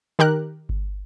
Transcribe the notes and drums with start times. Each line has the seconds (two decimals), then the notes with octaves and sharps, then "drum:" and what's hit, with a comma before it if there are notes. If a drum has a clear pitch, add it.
0.19 D#3 G4 A#4 F#6
0.69 drum: kick G1